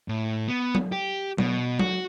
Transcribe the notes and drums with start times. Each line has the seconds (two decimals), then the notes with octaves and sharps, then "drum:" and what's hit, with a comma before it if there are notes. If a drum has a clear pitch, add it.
0.08 A2
0.48 B3
0.75 drum: tom F#3
0.92 G4
1.38 B2, drum: tom F#3
1.79 F#4, drum: tom F#3